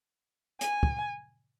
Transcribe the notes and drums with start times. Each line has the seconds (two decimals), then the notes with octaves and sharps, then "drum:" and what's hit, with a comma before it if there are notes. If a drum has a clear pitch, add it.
0.61 G#5, drum: hi-hat
0.83 drum: kick